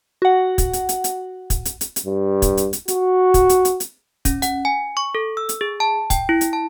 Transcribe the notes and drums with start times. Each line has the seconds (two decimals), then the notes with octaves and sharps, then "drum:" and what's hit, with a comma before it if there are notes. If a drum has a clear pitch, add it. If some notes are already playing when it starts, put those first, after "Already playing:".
0.22 F#4 F#5
0.58 drum: kick, hi-hat
0.73 drum: hi-hat
0.89 drum: hi-hat
1.04 drum: hi-hat
1.50 drum: kick, hi-hat
1.65 drum: hi-hat
1.81 drum: hi-hat
1.96 drum: hi-hat
2.06 G2
2.42 drum: kick, hi-hat
2.57 drum: hi-hat
2.73 drum: hi-hat
2.88 F#4, drum: hi-hat
3.34 drum: kick, hi-hat
3.49 drum: hi-hat
3.65 drum: hi-hat
3.80 drum: hi-hat
4.25 C#4, drum: kick, hi-hat
4.42 F#5, drum: hi-hat
4.65 G#5
4.97 C#6
5.15 A4
5.37 E6
5.49 drum: hi-hat
5.61 G#4
5.80 A5
6.10 G5, drum: kick, hi-hat
6.29 E4
6.41 drum: hi-hat
6.53 A5